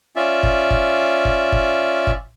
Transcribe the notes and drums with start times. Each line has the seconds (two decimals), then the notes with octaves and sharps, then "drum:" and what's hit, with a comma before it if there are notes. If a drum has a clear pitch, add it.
0.16 C#4 F4 D5 E5
0.43 drum: kick G1
0.70 drum: kick G1
1.25 drum: kick G1
1.52 drum: kick G1
2.07 drum: kick G1